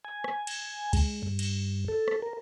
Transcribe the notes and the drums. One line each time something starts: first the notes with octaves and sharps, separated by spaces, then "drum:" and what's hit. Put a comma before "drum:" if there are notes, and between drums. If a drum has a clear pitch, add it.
G#5
drum: rim click
drum: cymbal
G#3, drum: kick C#2, cymbal
G2
drum: cymbal
A4
drum: rim click
A#4